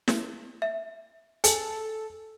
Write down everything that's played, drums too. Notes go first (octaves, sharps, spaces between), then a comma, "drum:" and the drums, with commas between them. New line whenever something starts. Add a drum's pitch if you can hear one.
drum: snare
E5
A4 G#5, drum: hi-hat